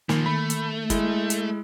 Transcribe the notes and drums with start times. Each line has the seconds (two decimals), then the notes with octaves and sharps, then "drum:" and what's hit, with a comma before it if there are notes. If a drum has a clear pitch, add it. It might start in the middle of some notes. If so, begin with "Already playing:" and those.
0.09 A#2 D#3 F3 A#3, drum: snare
0.26 A3 B5
0.50 drum: hi-hat
0.90 G#3 E4, drum: kick, hi-hat
1.30 drum: hi-hat